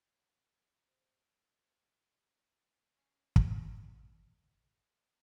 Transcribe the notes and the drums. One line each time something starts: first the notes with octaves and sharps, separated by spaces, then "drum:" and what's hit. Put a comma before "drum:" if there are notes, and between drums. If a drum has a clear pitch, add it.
F#3
C3
C#4
C5
C#4 C7
drum: kick